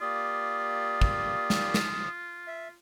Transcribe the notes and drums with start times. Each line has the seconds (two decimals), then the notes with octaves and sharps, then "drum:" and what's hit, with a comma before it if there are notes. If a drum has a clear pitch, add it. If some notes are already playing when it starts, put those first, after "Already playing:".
0.01 A#3 F4 G4 D5 D#6
1.01 drum: kick
1.50 drum: snare
1.74 drum: snare
2.47 E5